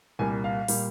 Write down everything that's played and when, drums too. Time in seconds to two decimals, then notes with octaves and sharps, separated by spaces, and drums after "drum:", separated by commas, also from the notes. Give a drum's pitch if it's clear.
0.19 C2 A#2 G3 G#5
0.44 F5
0.68 A#2 G3, drum: open hi-hat